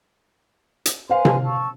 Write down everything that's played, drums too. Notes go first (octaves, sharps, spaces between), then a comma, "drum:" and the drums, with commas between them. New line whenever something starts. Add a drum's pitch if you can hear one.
drum: hi-hat
B4 C5 F5 G#5 C6
drum: tom C3
A5 C#6 E6